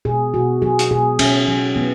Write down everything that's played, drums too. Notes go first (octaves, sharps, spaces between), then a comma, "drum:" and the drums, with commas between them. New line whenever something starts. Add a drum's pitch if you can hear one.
B2 G#4
B2 F#4
F#3 G#4
drum: hi-hat
B2 G#4
B2 C#4, drum: cymbal
F#3
F#3 B3